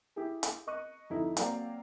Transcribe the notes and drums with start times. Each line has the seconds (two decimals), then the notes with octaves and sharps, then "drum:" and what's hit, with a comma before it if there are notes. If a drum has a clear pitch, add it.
0.16 E4 G4 G#4
0.43 drum: hi-hat
0.67 A#4 D#5 C#6 F#6 D#7
1.10 F2 D3 D#4 E4
1.37 F#3 A#3 C4 A#4 D5 F5, drum: hi-hat